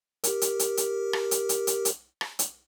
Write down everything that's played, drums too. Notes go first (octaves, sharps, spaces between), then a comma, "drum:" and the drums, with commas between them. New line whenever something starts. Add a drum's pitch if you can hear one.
G4 A#4, drum: hi-hat
drum: hi-hat
drum: hi-hat
drum: hi-hat
drum: rim click
drum: hi-hat
drum: hi-hat
drum: hi-hat
drum: hi-hat
drum: rim click
drum: hi-hat